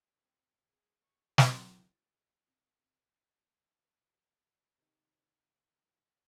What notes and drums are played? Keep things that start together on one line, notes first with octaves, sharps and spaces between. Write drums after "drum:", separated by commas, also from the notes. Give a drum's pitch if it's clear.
C4
G#4
C#6
drum: snare
C#2 E4 F#4 A6 D7
C3
C3 D#3 D#4